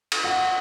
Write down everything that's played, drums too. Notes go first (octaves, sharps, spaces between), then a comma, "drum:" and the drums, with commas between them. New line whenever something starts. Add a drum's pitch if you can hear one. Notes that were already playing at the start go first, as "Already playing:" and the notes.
drum: cymbal
F#5